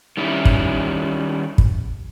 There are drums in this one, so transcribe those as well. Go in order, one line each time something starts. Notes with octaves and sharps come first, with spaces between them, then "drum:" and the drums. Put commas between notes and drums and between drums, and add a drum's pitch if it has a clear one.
D#3 G3 C#4 E4
drum: kick
drum: kick